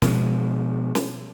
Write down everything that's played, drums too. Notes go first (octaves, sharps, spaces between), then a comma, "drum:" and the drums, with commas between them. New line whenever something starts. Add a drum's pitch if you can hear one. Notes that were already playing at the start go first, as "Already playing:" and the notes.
B2 F3 G#3, drum: snare
drum: snare